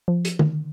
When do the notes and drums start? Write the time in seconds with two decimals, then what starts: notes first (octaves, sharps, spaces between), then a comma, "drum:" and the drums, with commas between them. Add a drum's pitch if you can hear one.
0.08 F3
0.25 drum: hi-hat
0.39 D#3, drum: tom